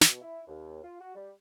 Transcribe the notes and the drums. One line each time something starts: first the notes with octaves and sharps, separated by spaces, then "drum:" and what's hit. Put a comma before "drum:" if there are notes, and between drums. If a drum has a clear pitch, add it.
B2, drum: snare
E4
D#2
F4
F#4
G3